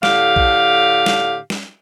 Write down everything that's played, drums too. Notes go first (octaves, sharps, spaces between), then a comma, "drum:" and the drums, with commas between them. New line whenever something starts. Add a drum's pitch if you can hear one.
A2 D3 G4 F5, drum: snare
drum: kick
drum: snare
drum: snare